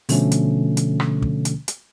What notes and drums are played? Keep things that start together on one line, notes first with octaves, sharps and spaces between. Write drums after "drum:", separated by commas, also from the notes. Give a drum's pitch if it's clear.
B2 D3 F3 A3 C#4, drum: open hi-hat
drum: hi-hat
drum: hi-hat
drum: rim click
drum: kick
drum: hi-hat
drum: hi-hat